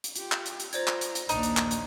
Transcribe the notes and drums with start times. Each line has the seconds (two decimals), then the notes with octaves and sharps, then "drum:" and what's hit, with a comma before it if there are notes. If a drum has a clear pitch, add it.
0.04 drum: hi-hat
0.16 F4 G4, drum: hi-hat
0.32 drum: clap
0.46 drum: hi-hat
0.60 drum: hi-hat
0.73 F4 C5 D5 A#5 G#6, drum: hi-hat
0.87 drum: clap
1.01 drum: hi-hat
1.15 drum: hi-hat
1.29 A#1 D#2 D4 D#4, drum: hi-hat
1.43 drum: hi-hat
1.57 drum: clap
1.71 drum: hi-hat